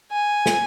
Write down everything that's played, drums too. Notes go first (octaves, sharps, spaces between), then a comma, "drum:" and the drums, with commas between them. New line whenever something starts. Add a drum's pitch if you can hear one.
G#5
drum: snare